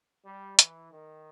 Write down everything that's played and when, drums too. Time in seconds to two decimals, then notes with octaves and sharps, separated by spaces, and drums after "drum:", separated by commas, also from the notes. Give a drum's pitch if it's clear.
0.25 G3
0.59 E3, drum: hi-hat
0.91 D#3